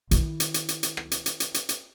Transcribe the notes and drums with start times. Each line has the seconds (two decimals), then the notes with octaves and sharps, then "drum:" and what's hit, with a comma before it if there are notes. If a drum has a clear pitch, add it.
0.11 D#3 E4, drum: hi-hat
0.40 drum: hi-hat
0.54 drum: hi-hat
0.69 drum: hi-hat
0.83 drum: hi-hat
0.97 drum: rim click
1.11 drum: hi-hat
1.26 drum: hi-hat
1.40 drum: hi-hat
1.54 drum: hi-hat
1.69 drum: hi-hat